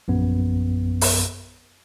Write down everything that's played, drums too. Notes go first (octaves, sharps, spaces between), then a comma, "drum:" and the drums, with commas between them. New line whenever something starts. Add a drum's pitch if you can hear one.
A#1 F#2 B3
drum: open hi-hat